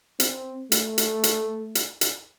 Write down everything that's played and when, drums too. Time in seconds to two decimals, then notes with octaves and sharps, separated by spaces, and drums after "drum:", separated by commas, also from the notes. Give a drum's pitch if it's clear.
0.20 C4, drum: hi-hat
0.72 A3, drum: hi-hat
0.98 drum: hi-hat
1.24 drum: hi-hat
1.75 drum: hi-hat
2.01 drum: hi-hat